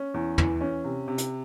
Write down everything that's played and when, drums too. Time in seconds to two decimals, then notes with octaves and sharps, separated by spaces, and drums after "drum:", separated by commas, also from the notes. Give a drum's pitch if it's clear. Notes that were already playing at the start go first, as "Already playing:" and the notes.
Already playing: C#4
0.14 E2
0.38 E3, drum: tom
0.61 C#4
0.84 C3
1.08 C3
1.18 drum: hi-hat